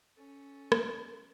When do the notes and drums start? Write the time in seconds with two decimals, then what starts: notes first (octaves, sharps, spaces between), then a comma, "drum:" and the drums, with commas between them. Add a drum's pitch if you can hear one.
0.17 C#4 A4
0.72 drum: rim click